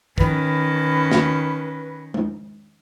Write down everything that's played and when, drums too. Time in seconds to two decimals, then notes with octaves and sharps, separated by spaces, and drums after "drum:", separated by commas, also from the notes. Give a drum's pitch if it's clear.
0.18 D#3 C#4 B4, drum: kick
1.12 drum: snare
2.14 drum: tom G#3